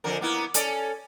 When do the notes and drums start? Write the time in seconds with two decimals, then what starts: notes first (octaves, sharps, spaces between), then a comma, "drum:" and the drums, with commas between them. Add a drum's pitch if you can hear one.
0.04 F2 D3 A#4
0.21 A#3 B3 E4
0.54 C#4 A4 D5, drum: hi-hat